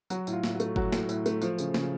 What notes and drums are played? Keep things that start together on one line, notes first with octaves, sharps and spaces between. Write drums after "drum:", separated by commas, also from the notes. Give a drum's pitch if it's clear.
F#3 F#4, drum: tambourine
A2, drum: tambourine
F4
A2, drum: snare
F#4
A3, drum: tambourine
F#3 F#4, drum: kick
A2, drum: snare
A2, drum: tambourine
A3, drum: tambourine
F3, drum: tambourine
C#3, drum: tambourine
C#3, drum: snare